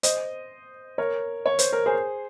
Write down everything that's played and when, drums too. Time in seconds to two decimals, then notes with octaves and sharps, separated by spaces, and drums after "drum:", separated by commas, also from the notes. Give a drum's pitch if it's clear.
0.03 C5 D#5, drum: hi-hat
0.98 A#4 C#5
1.46 C#5
1.59 C5, drum: hi-hat
1.72 A#4
1.86 G#4 C5